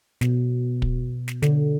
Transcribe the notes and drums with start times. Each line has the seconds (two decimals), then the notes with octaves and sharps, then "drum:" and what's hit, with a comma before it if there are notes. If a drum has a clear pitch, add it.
0.21 B2, drum: snare
0.82 drum: kick
1.28 drum: snare
1.42 D3, drum: snare